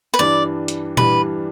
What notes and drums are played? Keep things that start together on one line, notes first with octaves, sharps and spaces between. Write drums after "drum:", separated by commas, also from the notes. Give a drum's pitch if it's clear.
B4
G2 E3 G3 D4 D5
drum: hi-hat
G2 E3 G3 D4 B4, drum: tom A#2